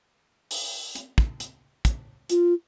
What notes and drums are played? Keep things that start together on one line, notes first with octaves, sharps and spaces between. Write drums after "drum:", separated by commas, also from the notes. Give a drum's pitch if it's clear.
drum: open hi-hat
drum: hi-hat
drum: kick
drum: hi-hat
drum: kick, hi-hat
F4, drum: hi-hat